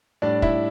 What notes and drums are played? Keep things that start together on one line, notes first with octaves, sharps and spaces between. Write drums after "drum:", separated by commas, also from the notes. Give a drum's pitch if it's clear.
A2 G3 D4 D5
E4 E5, drum: kick